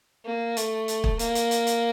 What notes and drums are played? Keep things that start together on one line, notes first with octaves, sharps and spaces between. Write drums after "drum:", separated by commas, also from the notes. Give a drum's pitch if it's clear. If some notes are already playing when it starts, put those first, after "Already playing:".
A#3
A3, drum: hi-hat
drum: hi-hat
drum: kick
A#3, drum: hi-hat
drum: hi-hat
drum: hi-hat
drum: hi-hat